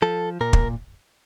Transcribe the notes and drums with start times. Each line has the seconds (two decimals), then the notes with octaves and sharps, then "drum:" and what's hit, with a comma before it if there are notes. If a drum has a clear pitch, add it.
0.02 F3 A4
0.41 A#2 A#4
0.53 drum: kick